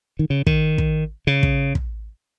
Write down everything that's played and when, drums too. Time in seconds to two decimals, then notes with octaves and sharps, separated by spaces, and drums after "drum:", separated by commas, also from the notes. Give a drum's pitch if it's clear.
0.19 D#3
0.30 C#3
0.47 D#3, drum: kick
0.78 drum: kick
1.27 C#3
1.43 drum: kick
1.75 drum: kick